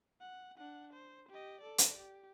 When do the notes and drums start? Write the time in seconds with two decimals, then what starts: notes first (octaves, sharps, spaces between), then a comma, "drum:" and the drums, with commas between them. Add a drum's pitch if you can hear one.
0.21 F#5
0.58 D4 F#5
0.93 C5
1.29 G4 D#5
1.61 A4 D5
1.78 drum: hi-hat
1.98 G4